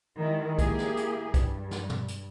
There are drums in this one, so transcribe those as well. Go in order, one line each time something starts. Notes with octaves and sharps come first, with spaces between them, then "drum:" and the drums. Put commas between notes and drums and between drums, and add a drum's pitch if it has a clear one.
D#3 G3 G#3 E4
A#3 E4 G4 G#4, drum: kick, hi-hat
drum: snare
drum: hi-hat
G2, drum: kick, hi-hat
drum: snare
drum: tom
drum: hi-hat